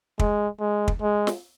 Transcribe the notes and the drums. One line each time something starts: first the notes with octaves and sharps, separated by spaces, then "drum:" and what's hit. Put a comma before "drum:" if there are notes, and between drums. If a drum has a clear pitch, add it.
G#3, drum: kick
G#3
drum: kick
G#3
drum: snare